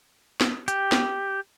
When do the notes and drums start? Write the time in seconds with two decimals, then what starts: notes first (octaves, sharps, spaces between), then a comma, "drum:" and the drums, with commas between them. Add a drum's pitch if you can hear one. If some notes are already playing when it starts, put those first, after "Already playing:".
0.41 drum: snare
0.68 G4, drum: hi-hat
0.92 drum: snare